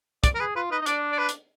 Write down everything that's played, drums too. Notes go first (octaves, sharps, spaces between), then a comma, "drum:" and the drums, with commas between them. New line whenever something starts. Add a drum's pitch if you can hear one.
D5, drum: kick, hi-hat
A#4
G#4 B4
F4 B4
D#4 B4
D#4
D4 D5, drum: hi-hat
D5
B4
drum: hi-hat